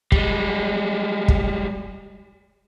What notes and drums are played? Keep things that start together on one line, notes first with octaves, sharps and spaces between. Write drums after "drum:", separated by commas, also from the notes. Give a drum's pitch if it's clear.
G3 G#3, drum: kick
drum: kick